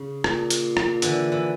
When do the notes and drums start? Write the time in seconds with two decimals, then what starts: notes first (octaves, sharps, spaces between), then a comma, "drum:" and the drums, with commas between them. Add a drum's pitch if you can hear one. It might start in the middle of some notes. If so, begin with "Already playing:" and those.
Already playing: C#3
0.24 A#2, drum: rim click
0.50 drum: hi-hat
0.77 drum: rim click
1.02 D3 E3, drum: hi-hat
1.32 E3